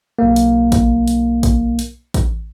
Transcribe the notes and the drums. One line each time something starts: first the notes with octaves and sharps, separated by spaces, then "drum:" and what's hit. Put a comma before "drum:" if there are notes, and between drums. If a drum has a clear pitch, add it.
B1 A#3
drum: hi-hat
drum: kick, hi-hat
drum: hi-hat
drum: kick, hi-hat
drum: hi-hat
drum: kick, hi-hat